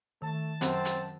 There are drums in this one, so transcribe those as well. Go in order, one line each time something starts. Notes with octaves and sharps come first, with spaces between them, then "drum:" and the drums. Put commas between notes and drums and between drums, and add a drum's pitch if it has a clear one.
D#3 A3 A5
F#2 C4, drum: hi-hat
drum: hi-hat